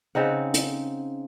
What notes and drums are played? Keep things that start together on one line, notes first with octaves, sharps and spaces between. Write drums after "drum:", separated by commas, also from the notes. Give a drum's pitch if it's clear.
C#3 C4 D#4 F#5
drum: hi-hat